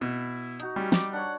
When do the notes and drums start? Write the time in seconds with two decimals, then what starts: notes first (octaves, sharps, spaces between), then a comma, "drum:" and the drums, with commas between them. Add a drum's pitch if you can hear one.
0.01 B2 E4
0.60 D#4 F#4, drum: hi-hat
0.76 G3 C#4
0.92 D6, drum: snare
1.13 D4 C#5 F#5